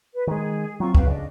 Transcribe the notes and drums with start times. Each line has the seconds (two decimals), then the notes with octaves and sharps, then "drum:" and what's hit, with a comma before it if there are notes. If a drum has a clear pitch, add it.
0.14 B4
0.27 D#3 G#3 G#4
0.80 F#3 C4 F4 C#6
0.95 G4 B4 F5, drum: kick
1.07 C#3 D4 D#5